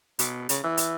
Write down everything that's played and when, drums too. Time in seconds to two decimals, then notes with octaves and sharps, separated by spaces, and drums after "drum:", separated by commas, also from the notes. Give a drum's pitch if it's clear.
0.19 B2, drum: hi-hat
0.49 C#3, drum: hi-hat
0.64 E3
0.77 drum: hi-hat